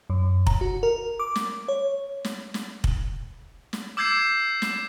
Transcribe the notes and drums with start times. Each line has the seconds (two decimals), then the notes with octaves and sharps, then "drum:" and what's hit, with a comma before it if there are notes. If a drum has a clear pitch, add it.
0.10 F#2
0.47 A#5, drum: kick
0.61 F#4
0.83 A#4
1.20 D6
1.36 drum: snare
1.68 C#5
2.25 drum: snare
2.54 drum: snare
2.84 drum: kick
3.73 drum: snare
3.97 D6 E6 G6 G#6 C7 E7
4.62 drum: snare